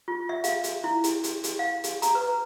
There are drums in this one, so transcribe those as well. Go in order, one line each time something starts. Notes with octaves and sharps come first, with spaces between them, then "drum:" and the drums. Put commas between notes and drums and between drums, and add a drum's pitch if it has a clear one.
F4
E5
F5, drum: hi-hat
drum: hi-hat
E4
drum: hi-hat
drum: hi-hat
drum: hi-hat
F5
drum: hi-hat
A#5, drum: hi-hat
B4